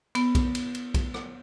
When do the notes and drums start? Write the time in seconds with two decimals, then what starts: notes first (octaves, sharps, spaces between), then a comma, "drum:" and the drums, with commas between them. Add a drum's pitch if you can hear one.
0.15 B3, drum: cymbal
0.35 drum: kick B1, cymbal
0.55 drum: cymbal
0.75 drum: cymbal
0.94 drum: kick B1, cymbal
1.14 drum: rim click